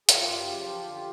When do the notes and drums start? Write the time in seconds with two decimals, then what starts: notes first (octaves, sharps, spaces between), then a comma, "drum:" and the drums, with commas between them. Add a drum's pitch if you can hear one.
0.09 G#4, drum: hi-hat
0.15 F#2 F4 G4
0.38 C#3
0.61 F3
0.83 D3